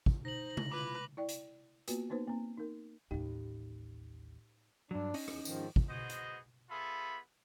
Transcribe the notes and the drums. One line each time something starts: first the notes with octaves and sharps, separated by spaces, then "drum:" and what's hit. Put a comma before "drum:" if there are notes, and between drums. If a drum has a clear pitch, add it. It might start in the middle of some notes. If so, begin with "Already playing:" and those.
drum: kick
D#4 C5 A#6 F#7
drum: tom C3
E4 F4 B4 D6 F#7
E4 D5 G5
drum: hi-hat
A#3 B3 F4 F#4 B4, drum: hi-hat
A#3 B3 D#4 B4 C5
A#3 C4
D#4 A#4
A1 D#2 A2 D#4 G4
G2 F#3 D4
C#4 D#4 D#5, drum: open hi-hat
E2, drum: rim click
G#2 D#3 F3, drum: tambourine
drum: kick
B3 F#4 G#4 C5 D#5
drum: hi-hat
B3 F4 G#4 A4 E5 B5